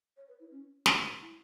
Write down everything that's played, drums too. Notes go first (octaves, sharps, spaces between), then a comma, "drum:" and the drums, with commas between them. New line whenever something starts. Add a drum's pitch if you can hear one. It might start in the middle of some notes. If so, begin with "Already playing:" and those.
C#5
B4
E4
C#4
F#4, drum: snare
E4